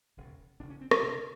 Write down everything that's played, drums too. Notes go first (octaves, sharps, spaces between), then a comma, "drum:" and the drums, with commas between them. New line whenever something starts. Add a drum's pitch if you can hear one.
E1 D#2 C#3
E1 D#2 C#3 D4
C#4
C4
C#4, drum: rim click
D2 C3 D4